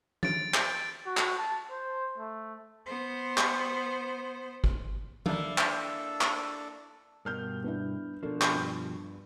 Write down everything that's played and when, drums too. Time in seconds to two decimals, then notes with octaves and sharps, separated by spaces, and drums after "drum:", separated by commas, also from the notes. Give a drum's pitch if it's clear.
0.23 A6 D7, drum: tom E3
0.54 drum: clap
1.07 F#4
1.17 drum: clap
1.38 A5
1.71 C5
2.18 A3
2.85 B3 C5
3.38 drum: clap
4.64 drum: kick
5.26 A#3 D4 E4 A4, drum: tom E3
5.58 drum: clap
6.21 drum: clap
7.25 G2 B2 A#4 F6 G6
7.64 B3 D4 E4
8.23 B2 F3 D4 A4 A#4
8.42 drum: clap
8.54 G2